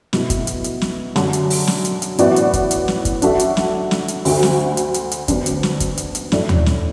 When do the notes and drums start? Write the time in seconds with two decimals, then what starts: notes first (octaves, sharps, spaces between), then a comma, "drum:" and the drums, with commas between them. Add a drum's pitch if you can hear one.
0.13 B2 A3 E4, drum: snare
0.30 drum: kick, hi-hat
0.47 drum: hi-hat
0.64 drum: hi-hat
0.81 drum: snare
1.16 F#2 D3 F#3 D4, drum: snare
1.33 drum: hi-hat
1.50 drum: open hi-hat
1.67 drum: snare
1.85 drum: hi-hat
2.02 drum: hi-hat
2.18 A2 E3 B3 F#4 D5, drum: hi-hat
2.36 drum: hi-hat
2.53 drum: kick, hi-hat
2.71 drum: hi-hat
2.88 drum: snare
3.05 drum: kick, hi-hat
3.22 F#3 D4 F#4 A4 E5, drum: hi-hat
3.39 drum: hi-hat
3.57 drum: snare
3.91 drum: snare
4.08 drum: hi-hat
4.25 D2 D3 A3 F#4 A4, drum: open hi-hat
4.43 drum: snare
4.77 drum: hi-hat
4.94 drum: hi-hat
5.12 drum: hi-hat
5.28 D2 D3 F#3 B3 D4, drum: kick, hi-hat
5.46 drum: hi-hat
5.63 drum: snare
5.80 drum: kick, hi-hat
5.98 drum: hi-hat
6.15 drum: hi-hat
6.32 A2 F#3 D4 A4 D5, drum: snare
6.49 drum: tom D#2
6.66 drum: snare